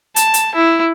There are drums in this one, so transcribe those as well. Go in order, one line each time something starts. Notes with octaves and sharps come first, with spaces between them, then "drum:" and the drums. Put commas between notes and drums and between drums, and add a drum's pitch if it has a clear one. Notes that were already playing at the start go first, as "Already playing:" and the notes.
A5, drum: hi-hat
drum: hi-hat
E4